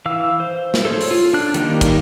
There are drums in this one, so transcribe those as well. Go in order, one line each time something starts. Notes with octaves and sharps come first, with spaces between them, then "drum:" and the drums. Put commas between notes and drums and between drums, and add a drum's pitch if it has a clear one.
E3 F5 E6
C5
drum: snare
A4 C5 C#5 C6
drum: open hi-hat
F4
D4 F#6
D#3 G3 A#3 D#4, drum: hi-hat
drum: kick, hi-hat